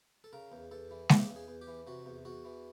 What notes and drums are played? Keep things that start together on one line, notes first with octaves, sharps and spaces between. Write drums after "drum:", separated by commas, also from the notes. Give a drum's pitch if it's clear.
A4
C#3 A#4
E2
E2 A4
E3
C#3 G4, drum: snare G#3
E2
G#4
E2
G4
E3
C3 F#4
E2
E2 F#4
E3